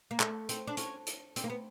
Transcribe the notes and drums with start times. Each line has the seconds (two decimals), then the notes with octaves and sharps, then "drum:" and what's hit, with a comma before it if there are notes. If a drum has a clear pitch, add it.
0.11 A#3
0.20 A3, drum: clap
0.49 C4, drum: hi-hat
0.67 D4
0.77 C#4, drum: hi-hat
1.07 drum: hi-hat
1.36 C4, drum: hi-hat
1.44 A#3
1.50 B3